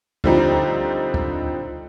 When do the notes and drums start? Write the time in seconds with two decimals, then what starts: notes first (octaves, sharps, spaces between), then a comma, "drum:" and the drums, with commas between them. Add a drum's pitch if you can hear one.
0.24 D3 F3 G3 C4 D#4, drum: kick
1.14 drum: kick